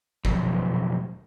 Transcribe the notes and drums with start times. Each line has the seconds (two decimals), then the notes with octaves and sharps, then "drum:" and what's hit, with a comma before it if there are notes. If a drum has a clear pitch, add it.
0.25 B1 F2, drum: kick G1